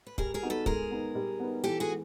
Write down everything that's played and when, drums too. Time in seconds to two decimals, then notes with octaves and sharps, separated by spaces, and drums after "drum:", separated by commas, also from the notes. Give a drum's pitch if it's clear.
0.07 B4
0.18 G3 G#4 A#4, drum: kick
0.34 G#4 A#4
0.43 B3 D#4 F#4
0.50 A4 B4
0.66 G#3 G#4 A#4, drum: kick
0.91 B3 D#4
1.15 G3
1.40 B3 D#4
1.64 E3 G4 A4
1.80 F#4 G#4
1.89 G#3